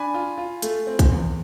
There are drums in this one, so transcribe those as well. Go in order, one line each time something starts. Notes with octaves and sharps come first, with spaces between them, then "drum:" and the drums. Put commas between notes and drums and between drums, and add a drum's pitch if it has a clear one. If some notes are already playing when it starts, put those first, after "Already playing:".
Already playing: D4 G#5 B5
F4
F4
A3, drum: hi-hat
C4
drum: kick B1, hi-hat
E2